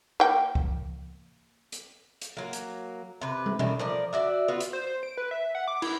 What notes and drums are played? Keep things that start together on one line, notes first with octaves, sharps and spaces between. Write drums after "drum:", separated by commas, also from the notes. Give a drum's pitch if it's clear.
A#3 G5
drum: kick C#2
drum: hi-hat
drum: hi-hat
F#3 A#3
drum: hi-hat
C3 B4
drum: tom
D#3 E3 G3 A3, drum: tom B2
F3 A#4 D5
F#4 D5 E5
B3 F4 F#4
drum: hi-hat
C5
C5
D7
B4
E5
F#5
D6
E4, drum: cymbal